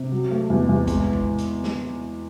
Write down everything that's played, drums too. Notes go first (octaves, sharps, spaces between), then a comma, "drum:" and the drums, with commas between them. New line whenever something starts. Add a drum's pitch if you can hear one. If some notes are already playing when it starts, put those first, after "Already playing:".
Already playing: C3
F#3
A3
E2
E2
G#3, drum: kick, hi-hat
drum: kick
drum: hi-hat
drum: snare